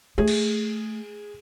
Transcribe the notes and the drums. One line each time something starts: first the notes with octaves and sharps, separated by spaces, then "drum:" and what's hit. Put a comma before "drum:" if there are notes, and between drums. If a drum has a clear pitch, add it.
A3 G#4
drum: cymbal